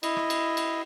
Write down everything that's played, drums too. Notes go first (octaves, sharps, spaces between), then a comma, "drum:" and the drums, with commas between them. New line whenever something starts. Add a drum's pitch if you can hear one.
E4 D#5, drum: cymbal
drum: rim click
drum: cymbal
drum: cymbal